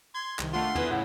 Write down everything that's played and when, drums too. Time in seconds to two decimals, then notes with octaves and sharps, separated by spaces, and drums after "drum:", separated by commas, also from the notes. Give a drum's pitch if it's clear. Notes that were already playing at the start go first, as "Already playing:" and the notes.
0.15 C6 G#6
0.39 C2 D#3, drum: clap
0.53 A3 D4 F4 F#5 C6
0.75 B3 E4 G#4 B4, drum: tom
0.91 A2 C#3 E4 F#5